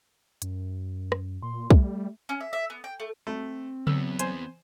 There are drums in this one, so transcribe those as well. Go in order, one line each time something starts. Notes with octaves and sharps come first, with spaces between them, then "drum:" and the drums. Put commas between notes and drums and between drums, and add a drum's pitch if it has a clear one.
F#2, drum: hi-hat
drum: rim click
A#2 C6
G3 A3, drum: kick
C#4
E5
E5
B3
G5
A3
A3 C4
E2 F#3 B3 E6, drum: tom C#3
C5 G#5 C6, drum: hi-hat